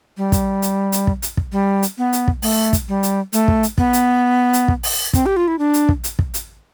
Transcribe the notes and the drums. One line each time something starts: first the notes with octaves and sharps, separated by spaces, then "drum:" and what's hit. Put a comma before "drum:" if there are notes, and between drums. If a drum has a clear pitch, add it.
G3
drum: kick, hi-hat
drum: hi-hat
drum: hi-hat
drum: kick
drum: hi-hat
drum: kick
G3
drum: hi-hat
B3
drum: hi-hat
drum: kick
A3, drum: open hi-hat
drum: kick, hi-hat
G3
drum: hi-hat
A3, drum: hi-hat
drum: kick
drum: hi-hat
B3, drum: kick
drum: hi-hat
drum: hi-hat
drum: kick
drum: open hi-hat
C4, drum: kick, hi-hat
G4
F4
E4
D4
drum: hi-hat
drum: kick
drum: hi-hat
drum: kick
drum: hi-hat